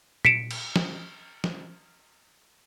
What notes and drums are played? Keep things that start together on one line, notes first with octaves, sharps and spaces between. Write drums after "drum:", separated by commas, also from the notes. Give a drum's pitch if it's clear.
B6 C#7 D7 E7, drum: tom A#2
drum: cymbal
drum: snare
drum: snare